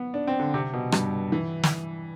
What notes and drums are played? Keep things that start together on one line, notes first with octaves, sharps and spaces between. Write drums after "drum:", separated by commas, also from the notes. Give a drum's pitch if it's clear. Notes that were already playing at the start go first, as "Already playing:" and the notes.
Already playing: B3
D4
C4
D3
C3
B2
G2, drum: rim click
E3
drum: snare